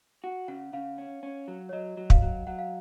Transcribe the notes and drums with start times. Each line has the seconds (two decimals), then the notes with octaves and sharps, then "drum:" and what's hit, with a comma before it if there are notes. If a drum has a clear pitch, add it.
0.24 F#4
0.48 C#3 F#5
0.73 C#3 F5
0.98 C#4
1.23 C#4
1.48 F#3
1.69 C#5
1.73 F#3 D#5
1.97 F#3
2.10 F5, drum: kick
2.22 F#3
2.47 F#3 F#5
2.59 F5